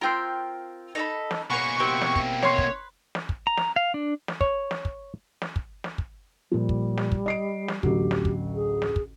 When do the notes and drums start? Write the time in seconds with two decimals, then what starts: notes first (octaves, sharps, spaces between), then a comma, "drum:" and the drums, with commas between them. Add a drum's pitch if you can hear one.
0.01 C4 F4 A#4 G5 C6
0.95 D#4 A4 B5
1.31 drum: snare
1.50 B2 A#3 G#4 B4 C#5 F#5 C#6
1.80 C4 E4 G4
2.01 drum: snare
2.16 drum: kick
2.42 B4 C#5 C6, drum: snare
2.58 drum: kick
3.15 drum: snare
3.29 drum: kick
3.47 A#5
3.57 drum: snare
3.76 F5
3.94 D4
4.28 drum: snare
4.41 C#5, drum: kick
4.71 drum: snare
4.85 drum: kick
5.42 drum: snare
5.56 drum: kick
5.84 drum: snare
5.98 drum: kick
6.52 A#2 F3 G3
6.69 drum: kick
6.97 drum: snare
7.12 drum: kick
7.26 D#5 C7 D7
7.68 drum: snare
7.83 A1 D2 F#3 G4, drum: kick
8.11 drum: snare
8.25 drum: kick
8.55 G#4
8.82 drum: snare
8.96 drum: kick